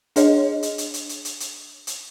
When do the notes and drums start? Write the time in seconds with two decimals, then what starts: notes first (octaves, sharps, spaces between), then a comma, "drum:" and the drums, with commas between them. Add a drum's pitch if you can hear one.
0.16 D4 G#4 C#5 D#5, drum: hi-hat
0.63 drum: hi-hat
0.78 drum: hi-hat
0.94 drum: hi-hat
1.09 drum: hi-hat
1.25 drum: hi-hat
1.40 drum: hi-hat
1.87 drum: hi-hat